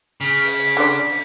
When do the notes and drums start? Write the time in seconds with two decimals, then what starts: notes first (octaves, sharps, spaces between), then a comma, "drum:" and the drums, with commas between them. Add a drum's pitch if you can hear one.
0.21 C#3 B6
0.44 drum: open hi-hat
0.77 D3 D5, drum: hi-hat
0.93 drum: hi-hat
1.09 drum: open hi-hat